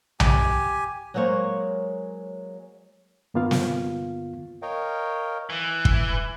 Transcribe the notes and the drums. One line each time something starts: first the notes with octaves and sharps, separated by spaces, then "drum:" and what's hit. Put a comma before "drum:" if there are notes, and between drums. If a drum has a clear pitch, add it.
G4 G#5, drum: tom B1
F#3 G#3 A#3 C5 C#5
G2 D3 A#3 B3 F4 F5
drum: snare
A#4 C#5 D#5 F5 G5
E3
drum: kick